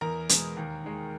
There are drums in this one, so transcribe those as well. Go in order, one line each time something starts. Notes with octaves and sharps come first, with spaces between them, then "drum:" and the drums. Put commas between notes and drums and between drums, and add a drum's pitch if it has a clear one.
E2 A#4 A#5
B2 G#3, drum: hi-hat
D#2
D#3 G#3